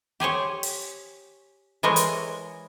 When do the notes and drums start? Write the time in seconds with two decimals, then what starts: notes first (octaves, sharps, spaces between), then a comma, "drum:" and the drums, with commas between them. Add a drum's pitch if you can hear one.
0.20 G4 G#4 C5 C#5
0.63 drum: open hi-hat
1.83 E3 G#3 G#4 A#4 C5 C#5
1.96 drum: hi-hat